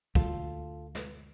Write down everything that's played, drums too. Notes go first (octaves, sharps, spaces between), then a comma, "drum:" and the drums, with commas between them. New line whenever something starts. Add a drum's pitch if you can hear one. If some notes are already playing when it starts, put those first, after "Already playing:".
D2 F4 A4, drum: kick
drum: snare